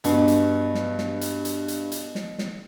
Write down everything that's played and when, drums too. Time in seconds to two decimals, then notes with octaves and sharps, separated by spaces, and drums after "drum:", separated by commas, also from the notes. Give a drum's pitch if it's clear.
0.04 G2 B2, drum: hi-hat
0.28 drum: hi-hat
0.75 drum: snare
0.98 drum: snare
1.21 drum: hi-hat
1.45 drum: hi-hat
1.68 drum: hi-hat
1.92 drum: hi-hat
2.15 drum: snare
2.38 drum: snare